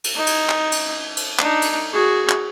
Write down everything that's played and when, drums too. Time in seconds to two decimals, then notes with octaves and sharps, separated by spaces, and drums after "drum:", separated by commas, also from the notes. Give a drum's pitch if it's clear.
0.04 drum: cymbal
0.15 D#4 D#5
0.27 drum: cymbal
0.49 drum: clap
0.72 drum: cymbal
1.17 drum: cymbal
1.39 D4 D#4, drum: clap
1.62 drum: cymbal
1.93 F#4 G#4
2.29 drum: clap